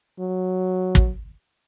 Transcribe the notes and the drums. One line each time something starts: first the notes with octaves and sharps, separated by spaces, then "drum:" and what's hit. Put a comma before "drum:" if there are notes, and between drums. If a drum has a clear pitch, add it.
F#3
drum: kick